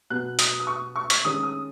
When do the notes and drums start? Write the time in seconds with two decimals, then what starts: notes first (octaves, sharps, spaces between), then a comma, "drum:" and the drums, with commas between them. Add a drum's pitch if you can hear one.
0.10 B2 F#3 B3 F#6
0.39 D#6, drum: hi-hat
0.60 D#6
0.67 C#6
0.96 C#6
1.10 C#6, drum: hi-hat
1.25 D#3 G#3 C#4 D#6
1.43 D#6